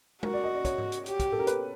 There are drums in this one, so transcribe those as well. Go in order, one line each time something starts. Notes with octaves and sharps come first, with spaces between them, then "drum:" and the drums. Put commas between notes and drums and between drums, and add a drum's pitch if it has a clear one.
F#4 A#4, drum: tom G#3
D5
D#5
D5
C#5, drum: kick, hi-hat
drum: tom G#2
drum: hi-hat
G4, drum: hi-hat
drum: kick, hi-hat
A4, drum: tom A2
A#4
B4, drum: hi-hat